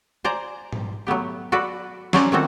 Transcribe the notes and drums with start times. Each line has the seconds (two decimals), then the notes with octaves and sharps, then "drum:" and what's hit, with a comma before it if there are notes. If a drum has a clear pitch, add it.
0.24 C5 D5 G#5 A#5
0.73 drum: tom G#2
1.07 F#3 A3 B3 G4
1.52 F#4 A4 B4 D5
2.13 F#3 C#4 C5 D5 A#5, drum: snare
2.32 D#3 F3 A#3 C4 F#4 A4